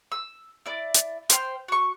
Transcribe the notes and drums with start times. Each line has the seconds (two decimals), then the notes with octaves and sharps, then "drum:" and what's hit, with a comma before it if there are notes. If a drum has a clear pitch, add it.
0.12 E6
0.66 E4 D5
0.94 drum: hi-hat
1.30 C5 G5 F6, drum: hi-hat
1.68 F#4 C#6